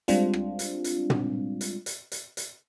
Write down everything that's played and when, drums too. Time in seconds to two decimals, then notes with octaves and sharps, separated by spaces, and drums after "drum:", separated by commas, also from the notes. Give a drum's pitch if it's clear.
0.08 G3 G#3 C4 D4 F4, drum: hi-hat
0.33 drum: rim click
0.59 drum: hi-hat
0.84 drum: hi-hat
1.10 drum: tom
1.61 drum: hi-hat
1.86 drum: hi-hat
2.12 drum: hi-hat
2.37 drum: hi-hat